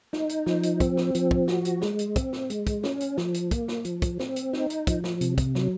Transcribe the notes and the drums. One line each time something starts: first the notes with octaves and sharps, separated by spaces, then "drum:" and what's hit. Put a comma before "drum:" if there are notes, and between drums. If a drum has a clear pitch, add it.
D#4, drum: snare
drum: hi-hat
F3, drum: snare
drum: hi-hat
C4, drum: kick, hi-hat
drum: snare
F3, drum: hi-hat
drum: kick
F#4, drum: snare
drum: hi-hat
G#3, drum: snare
drum: hi-hat
C4, drum: kick, hi-hat
drum: snare
G#3, drum: hi-hat
drum: kick, hi-hat
C#4, drum: snare
drum: hi-hat
F3, drum: snare
drum: hi-hat
A#3, drum: kick, hi-hat
drum: snare
F3, drum: hi-hat
drum: kick, hi-hat
C4, drum: snare
drum: hi-hat
D#4, drum: snare
drum: hi-hat
F3, drum: kick, hi-hat
drum: snare
C3, drum: hi-hat
drum: kick, hi-hat
F#3, drum: snare